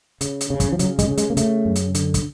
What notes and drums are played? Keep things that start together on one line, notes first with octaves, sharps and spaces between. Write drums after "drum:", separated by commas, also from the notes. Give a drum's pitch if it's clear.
C#3, drum: hi-hat
drum: hi-hat
C#3
drum: kick, hi-hat
F3
C#3 F#3, drum: hi-hat
G#3, drum: kick, hi-hat
C#3
G#3, drum: hi-hat
A#3
C#3 A3, drum: hi-hat
F#2
drum: hi-hat
D3, drum: hi-hat
drum: kick, hi-hat